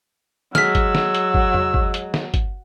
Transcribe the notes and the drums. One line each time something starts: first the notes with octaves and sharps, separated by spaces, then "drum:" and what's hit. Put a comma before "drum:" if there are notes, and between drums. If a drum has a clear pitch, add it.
F#3 G#3 E6 F6 B6, drum: snare
drum: kick, hi-hat
drum: snare
drum: hi-hat
drum: kick
drum: tom E2
drum: kick
drum: hi-hat
drum: snare
drum: kick, hi-hat